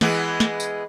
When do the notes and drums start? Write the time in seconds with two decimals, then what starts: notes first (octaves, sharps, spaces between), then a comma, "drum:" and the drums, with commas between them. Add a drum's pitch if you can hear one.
0.01 E3 G#3 B3, drum: snare
0.40 drum: snare
0.60 drum: tambourine